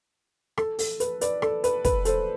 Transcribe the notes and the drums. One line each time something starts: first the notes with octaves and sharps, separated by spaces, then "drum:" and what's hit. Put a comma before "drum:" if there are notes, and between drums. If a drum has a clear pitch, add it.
A4, drum: rim click
A4, drum: open hi-hat
B4, drum: hi-hat
B4 D5, drum: hi-hat
A4, drum: rim click
B4, drum: hi-hat
B4, drum: kick, hi-hat
A4 C5, drum: hi-hat